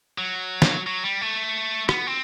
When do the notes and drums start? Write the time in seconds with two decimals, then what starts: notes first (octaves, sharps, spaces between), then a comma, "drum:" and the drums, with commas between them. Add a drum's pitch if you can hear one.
0.18 F#3
0.62 drum: snare
0.87 F#3
1.04 G3
1.21 A3
1.89 B3, drum: rim click
2.07 C4